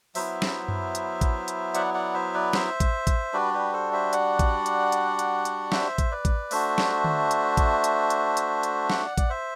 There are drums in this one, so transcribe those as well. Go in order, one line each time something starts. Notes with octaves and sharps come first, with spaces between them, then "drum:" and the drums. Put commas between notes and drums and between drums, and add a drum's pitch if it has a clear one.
F#3 B3 E4 C5 E5, drum: open hi-hat
drum: snare
drum: tom F#2
drum: hi-hat
drum: kick A1, hi-hat
drum: hi-hat
D5 F#5, drum: hi-hat
D5 F#5
C5 E5
B4 D5
C5 E5, drum: snare
drum: kick A1, hi-hat
drum: kick A1, hi-hat
G3 D4 F#4 B4 D5
G4 B4
A4 C5
C5 E5
D5 F#5, drum: hi-hat
drum: kick A1, hi-hat
drum: hi-hat
drum: hi-hat
drum: hi-hat
drum: hi-hat
C5 E5, drum: snare
drum: kick A1, hi-hat
B4 D5
drum: kick A1, hi-hat
A3 D4 F#4 C5 E5, drum: open hi-hat
drum: snare
drum: tom D3
drum: hi-hat
drum: kick A1, hi-hat
drum: hi-hat
drum: hi-hat
drum: hi-hat
drum: hi-hat
D5 F#5, drum: snare
D5, drum: kick A1, hi-hat
C5 E5